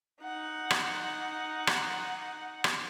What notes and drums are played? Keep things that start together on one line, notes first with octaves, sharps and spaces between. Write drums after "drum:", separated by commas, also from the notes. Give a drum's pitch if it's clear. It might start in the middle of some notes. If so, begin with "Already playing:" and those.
D#4 F#5
drum: rim click
drum: rim click
drum: rim click